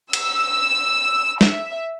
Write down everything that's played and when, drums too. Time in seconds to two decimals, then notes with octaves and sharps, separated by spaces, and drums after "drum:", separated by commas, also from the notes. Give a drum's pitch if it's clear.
0.13 E6, drum: cymbal
1.41 E5, drum: snare